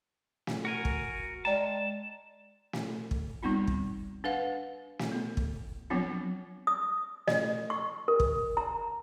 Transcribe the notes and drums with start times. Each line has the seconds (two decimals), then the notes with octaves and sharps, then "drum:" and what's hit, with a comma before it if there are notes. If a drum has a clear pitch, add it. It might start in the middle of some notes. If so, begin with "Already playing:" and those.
0.47 drum: snare
0.65 F#4 A#4 G#5
0.85 drum: kick
1.45 G#3 D5 G5 A5 A#5
2.73 drum: snare
3.11 drum: kick
3.43 G3 B3 C4 D#4 F4
3.67 drum: kick
4.24 D4 B4 F5 F#5
4.99 drum: snare
5.12 B3
5.37 drum: kick
5.90 F3 F#3 B3 C4 D4 F4
6.67 D#6
7.28 D#5, drum: snare
7.70 C#6
8.08 A#4
8.20 drum: kick
8.57 A#5